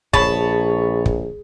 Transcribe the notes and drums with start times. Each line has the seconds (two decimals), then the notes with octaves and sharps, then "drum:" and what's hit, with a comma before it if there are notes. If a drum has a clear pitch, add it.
0.13 A#1 G#4 C#5 A5 B5, drum: kick
1.06 drum: kick